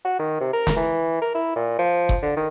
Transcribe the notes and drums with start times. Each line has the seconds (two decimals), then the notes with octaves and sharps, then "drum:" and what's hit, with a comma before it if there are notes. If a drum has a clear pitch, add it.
0.05 F#4
0.19 D#3
0.40 C3
0.53 A#4
0.67 drum: snare
0.76 E3
1.21 A#4
1.35 E4
1.56 A#2
1.79 F3
2.09 drum: kick F#1
2.22 D3
2.37 D#3